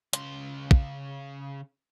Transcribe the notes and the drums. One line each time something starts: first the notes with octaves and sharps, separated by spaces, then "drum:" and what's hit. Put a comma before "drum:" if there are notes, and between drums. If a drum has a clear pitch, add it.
C#3 C6, drum: hi-hat
drum: kick